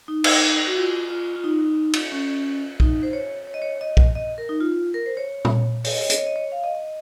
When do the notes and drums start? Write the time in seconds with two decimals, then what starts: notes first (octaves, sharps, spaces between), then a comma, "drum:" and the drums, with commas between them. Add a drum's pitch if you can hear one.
0.08 D#4
0.24 drum: cymbal
0.67 F#4
0.77 F4
1.10 F4
1.36 F4
1.44 D#4
1.93 drum: cymbal
2.12 C#4
2.80 D#4, drum: kick B1
3.03 C5
3.13 C#5
3.47 C#5
3.54 D#5
3.62 C#5
3.81 D#5
3.97 drum: kick B1
4.15 D#5
4.38 A#4
4.49 D#4
4.60 F4
4.72 F4
4.94 A#4
5.06 C5
5.17 C#5
5.45 drum: tom
5.84 C#5, drum: open hi-hat
5.93 D#5
6.01 C#5
6.10 D#5, drum: hi-hat
6.18 C#5
6.27 D#5
6.36 C#5
6.52 F5
6.64 D#5
6.75 D#5